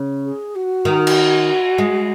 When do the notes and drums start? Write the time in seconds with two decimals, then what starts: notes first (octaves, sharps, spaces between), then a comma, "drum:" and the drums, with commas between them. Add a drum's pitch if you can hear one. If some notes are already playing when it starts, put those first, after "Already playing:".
Already playing: C#3
0.24 G#4
0.55 F#4
0.85 D#3
1.07 drum: cymbal
1.78 G#3